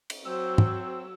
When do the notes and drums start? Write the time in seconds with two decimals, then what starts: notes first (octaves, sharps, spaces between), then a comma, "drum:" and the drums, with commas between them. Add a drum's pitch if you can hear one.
0.10 drum: cymbal
0.25 F#3 C4 C5 E6
0.58 drum: tom